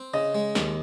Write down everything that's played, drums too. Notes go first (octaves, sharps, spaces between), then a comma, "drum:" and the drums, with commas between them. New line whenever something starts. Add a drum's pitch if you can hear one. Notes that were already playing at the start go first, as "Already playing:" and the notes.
Already playing: C4
C#3 D#5
G#3
D#2, drum: snare